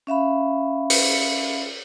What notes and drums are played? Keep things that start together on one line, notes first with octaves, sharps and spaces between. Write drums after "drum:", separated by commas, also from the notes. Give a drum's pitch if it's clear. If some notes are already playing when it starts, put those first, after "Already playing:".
C#4 E5 F5 B5
drum: open hi-hat